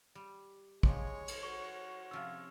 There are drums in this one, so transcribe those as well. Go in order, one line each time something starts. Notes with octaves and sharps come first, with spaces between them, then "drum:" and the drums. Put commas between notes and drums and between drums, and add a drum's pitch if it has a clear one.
G3
F3 G#3 D#4 G4 C#5, drum: kick
drum: cymbal
F#4 C#6
C3 F3 C#4 E6 F6